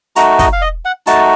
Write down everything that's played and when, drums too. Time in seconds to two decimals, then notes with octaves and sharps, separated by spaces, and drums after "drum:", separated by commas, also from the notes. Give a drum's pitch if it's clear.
0.16 A3 D#4 F#4 A#5, drum: hi-hat
0.39 D#5, drum: kick, hi-hat
0.53 F5
0.62 D#5
0.85 F#5
1.07 A3 D#4 F#4 A5, drum: hi-hat